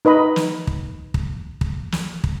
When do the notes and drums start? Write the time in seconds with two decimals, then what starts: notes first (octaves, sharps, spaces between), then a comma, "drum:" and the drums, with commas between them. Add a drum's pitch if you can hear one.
0.05 D#4 B4 D#5 B5
0.36 drum: snare
0.67 drum: kick
1.14 drum: kick
1.61 drum: kick
1.92 drum: snare
2.24 drum: kick